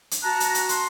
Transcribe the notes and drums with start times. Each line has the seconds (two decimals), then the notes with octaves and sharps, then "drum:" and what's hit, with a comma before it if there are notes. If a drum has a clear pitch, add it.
0.11 drum: hi-hat
0.23 F#4 A5 A#5 F#6
0.40 drum: hi-hat
0.55 drum: hi-hat
0.69 C6, drum: hi-hat